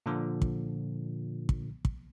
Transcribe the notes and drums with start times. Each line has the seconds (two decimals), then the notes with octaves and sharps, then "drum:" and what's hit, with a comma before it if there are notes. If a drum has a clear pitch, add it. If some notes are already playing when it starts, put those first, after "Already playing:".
0.06 A#2 D3 F3
0.42 drum: kick
1.49 drum: kick
1.85 drum: kick